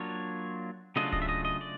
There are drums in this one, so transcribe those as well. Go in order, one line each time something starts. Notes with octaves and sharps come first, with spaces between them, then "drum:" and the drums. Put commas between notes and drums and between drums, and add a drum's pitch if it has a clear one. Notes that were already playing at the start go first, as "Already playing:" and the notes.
Already playing: F#3 A#3 D4 F4 C#5
C#3 F#3 A3 D4 F4 D#5
D#5, drum: kick D1
E5
D#5
D#5
D5